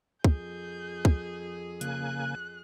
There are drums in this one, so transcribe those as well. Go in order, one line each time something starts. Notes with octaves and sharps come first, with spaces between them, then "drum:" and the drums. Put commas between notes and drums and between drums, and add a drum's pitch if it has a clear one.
F2 G#4 G6, drum: kick
drum: kick
C#3 A#3 G#5 F#6, drum: hi-hat